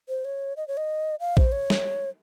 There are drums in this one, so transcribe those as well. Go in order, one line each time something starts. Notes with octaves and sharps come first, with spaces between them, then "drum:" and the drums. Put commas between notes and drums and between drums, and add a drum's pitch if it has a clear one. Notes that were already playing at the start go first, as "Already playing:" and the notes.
C5
C#5
D#5
C#5
D#5
F5
C5, drum: kick
C#5
drum: snare